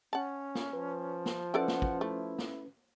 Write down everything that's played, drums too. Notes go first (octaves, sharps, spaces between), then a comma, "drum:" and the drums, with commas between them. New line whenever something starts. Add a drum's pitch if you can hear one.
C#4 F#5 A5
drum: snare
F3 B4
drum: snare
E3 C#4 A4 B4 D5 F#5
drum: snare
drum: kick
A3 E4
drum: snare